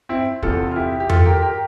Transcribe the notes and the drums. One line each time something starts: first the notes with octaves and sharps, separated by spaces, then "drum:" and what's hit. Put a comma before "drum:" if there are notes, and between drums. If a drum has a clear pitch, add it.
C4 E4
E2 C3 E3 F4 A4, drum: kick
F4
E4 G4
G4
F4 A4, drum: tom F2
G4 A#4
G4 A#4